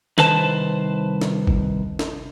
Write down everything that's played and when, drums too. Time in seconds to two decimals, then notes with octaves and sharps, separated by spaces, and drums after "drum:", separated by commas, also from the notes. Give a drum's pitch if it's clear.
0.18 C2 D#3 B4 C5 A5, drum: snare
1.22 drum: snare
1.47 drum: kick G1
1.99 drum: snare